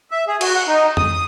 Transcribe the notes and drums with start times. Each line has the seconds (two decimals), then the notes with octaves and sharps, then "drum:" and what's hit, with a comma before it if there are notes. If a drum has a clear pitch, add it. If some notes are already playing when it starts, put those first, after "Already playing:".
0.11 E5
0.28 G#4
0.41 F#4, drum: cymbal
0.55 F#5
0.68 D#4
0.97 D#6, drum: tom F2
1.13 D#6